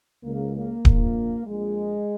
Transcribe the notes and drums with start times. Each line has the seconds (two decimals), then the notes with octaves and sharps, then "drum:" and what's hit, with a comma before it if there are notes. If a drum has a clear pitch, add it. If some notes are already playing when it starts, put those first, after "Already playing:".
0.23 C#2 C#3 A#3
0.54 A#3
0.85 A#1 A#2, drum: kick D1
1.47 A#1 A#2 G#3